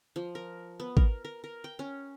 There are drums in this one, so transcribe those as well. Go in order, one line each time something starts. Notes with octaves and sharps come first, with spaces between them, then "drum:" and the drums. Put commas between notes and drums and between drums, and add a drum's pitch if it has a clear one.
F3
A#4
B3
A#4, drum: kick G#1
A#4
A#4
G5
C#4